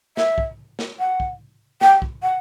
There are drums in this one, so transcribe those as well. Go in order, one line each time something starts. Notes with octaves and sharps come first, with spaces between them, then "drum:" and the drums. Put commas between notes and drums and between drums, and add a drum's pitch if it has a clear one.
E5, drum: snare
drum: kick
drum: snare
F#5
drum: kick
G5, drum: snare
drum: kick
F#5